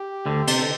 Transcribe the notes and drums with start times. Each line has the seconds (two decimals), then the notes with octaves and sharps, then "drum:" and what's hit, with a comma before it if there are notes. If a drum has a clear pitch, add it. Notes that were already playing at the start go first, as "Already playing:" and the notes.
Already playing: G4
0.26 D2 D3
0.48 C3, drum: cymbal
0.59 D3